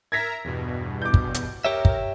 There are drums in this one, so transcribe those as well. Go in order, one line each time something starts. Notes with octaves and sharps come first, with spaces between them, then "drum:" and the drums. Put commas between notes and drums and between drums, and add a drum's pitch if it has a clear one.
A#4 E5 A#5 G#6 A#6 B6
E2 G2 B2
D6 G6
drum: kick
drum: hi-hat
G4 A#4 C#5 E5
drum: kick